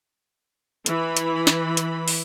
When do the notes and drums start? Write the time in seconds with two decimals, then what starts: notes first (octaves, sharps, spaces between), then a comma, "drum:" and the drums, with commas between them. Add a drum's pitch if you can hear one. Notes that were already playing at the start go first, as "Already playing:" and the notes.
0.86 E3 B5, drum: hi-hat
1.17 drum: hi-hat
1.47 drum: snare
1.77 drum: hi-hat
2.08 drum: open hi-hat